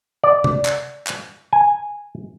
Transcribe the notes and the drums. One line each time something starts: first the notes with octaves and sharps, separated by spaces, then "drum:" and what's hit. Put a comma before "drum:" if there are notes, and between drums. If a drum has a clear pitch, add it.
D5
drum: tom
drum: clap
drum: clap
G#5